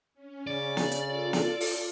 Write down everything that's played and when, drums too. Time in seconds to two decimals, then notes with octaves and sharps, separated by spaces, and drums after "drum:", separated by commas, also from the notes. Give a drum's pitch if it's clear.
0.14 C#4
0.47 C#3 D5
0.77 drum: snare
0.92 drum: hi-hat
1.01 F4 A4
1.33 drum: snare
1.60 drum: open hi-hat